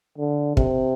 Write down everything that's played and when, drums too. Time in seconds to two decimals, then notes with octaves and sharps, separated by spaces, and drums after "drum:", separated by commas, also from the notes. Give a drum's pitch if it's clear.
0.18 D3
0.57 C3, drum: kick